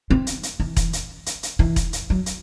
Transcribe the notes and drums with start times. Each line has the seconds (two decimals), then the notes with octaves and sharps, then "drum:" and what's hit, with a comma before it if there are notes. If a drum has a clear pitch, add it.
0.10 C4
0.27 drum: hi-hat
0.43 drum: hi-hat
0.60 E3
0.77 drum: kick E1, hi-hat
0.93 drum: hi-hat
1.26 drum: hi-hat
1.43 drum: hi-hat
1.59 E3
1.76 drum: kick E1, hi-hat
1.93 drum: hi-hat
2.10 F#3
2.26 drum: hi-hat